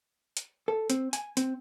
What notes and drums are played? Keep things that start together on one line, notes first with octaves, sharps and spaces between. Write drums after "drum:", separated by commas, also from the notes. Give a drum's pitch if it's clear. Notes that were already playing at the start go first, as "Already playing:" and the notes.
drum: hi-hat
A4
C4, drum: hi-hat
G#5, drum: hi-hat
C4, drum: hi-hat